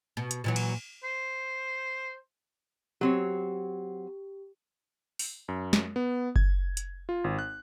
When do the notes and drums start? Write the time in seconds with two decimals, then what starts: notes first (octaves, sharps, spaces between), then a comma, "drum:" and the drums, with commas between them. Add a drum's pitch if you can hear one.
0.17 B2
0.31 drum: hi-hat
0.44 A#2 E3 F#3
0.56 drum: cymbal
1.04 C5
3.01 F#3 C4 G4 C#5
5.19 drum: open hi-hat
5.48 F#2
5.73 drum: snare
5.96 B3
6.36 G#6, drum: kick F#1
6.77 drum: hi-hat
7.09 F4
7.24 G#1
7.39 F#6